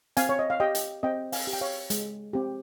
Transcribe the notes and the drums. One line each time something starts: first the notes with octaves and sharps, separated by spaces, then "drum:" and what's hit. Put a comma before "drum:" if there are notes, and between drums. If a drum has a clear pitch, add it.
C4 F5 G#5, drum: hi-hat
C#5
D#5
F5
G4 D#5 G5
drum: hi-hat
C4 D#5 G5
F5 G#5, drum: open hi-hat
G4
G5
C#5 F5
G#3, drum: hi-hat
C4 G4